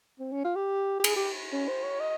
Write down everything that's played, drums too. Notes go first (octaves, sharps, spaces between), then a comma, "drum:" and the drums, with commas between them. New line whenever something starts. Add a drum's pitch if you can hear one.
C4
C#4
F4
G4
G4
G#4, drum: cymbal
G4
C#4
C5
C#5
D#5